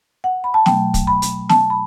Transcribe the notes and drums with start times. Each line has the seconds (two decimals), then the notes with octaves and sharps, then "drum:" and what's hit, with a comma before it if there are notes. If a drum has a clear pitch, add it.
0.24 F#5
0.44 B5
0.54 A5
0.66 B2 F#3 A3 G5, drum: snare
0.94 drum: kick, hi-hat
1.07 B5
1.22 drum: hi-hat
1.49 A5, drum: snare
1.70 B5